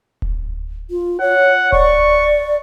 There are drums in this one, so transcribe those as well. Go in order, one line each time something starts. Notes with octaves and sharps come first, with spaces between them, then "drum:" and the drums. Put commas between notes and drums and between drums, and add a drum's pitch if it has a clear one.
drum: kick D1
F4
C#5 F#5
D5 C#6, drum: kick D1